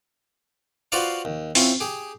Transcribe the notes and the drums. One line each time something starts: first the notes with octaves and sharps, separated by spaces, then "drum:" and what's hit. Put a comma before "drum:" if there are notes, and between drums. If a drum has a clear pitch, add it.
F4 F#4 B4 C5 D5 F5
D#2
C4 C#4 E4 F4, drum: open hi-hat
G4 G#4